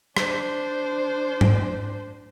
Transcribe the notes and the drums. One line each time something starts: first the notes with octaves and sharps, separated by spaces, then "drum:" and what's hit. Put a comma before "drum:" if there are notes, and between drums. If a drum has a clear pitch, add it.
D4 C5, drum: rim click
drum: tom G#2